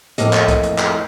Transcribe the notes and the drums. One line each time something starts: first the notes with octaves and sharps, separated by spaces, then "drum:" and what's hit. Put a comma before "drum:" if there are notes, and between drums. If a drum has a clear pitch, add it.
F2 A2 A#3 D#5, drum: hi-hat
drum: clap
drum: kick C2, hi-hat
drum: hi-hat
drum: clap